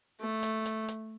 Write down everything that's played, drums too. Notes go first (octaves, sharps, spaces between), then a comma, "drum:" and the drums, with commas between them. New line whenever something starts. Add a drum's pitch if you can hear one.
A3
drum: hi-hat
drum: hi-hat
drum: hi-hat